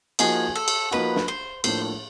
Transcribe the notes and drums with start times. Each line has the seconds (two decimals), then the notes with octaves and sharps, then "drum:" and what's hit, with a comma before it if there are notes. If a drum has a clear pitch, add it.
0.19 F3 A#3 D#4 F#4 G#4, drum: cymbal
0.55 A4
0.68 drum: cymbal
0.91 F3 A#3 D#4 F#4 B4
1.16 drum: snare
1.28 C5
1.64 A2 F3 A#3 D4 C5, drum: cymbal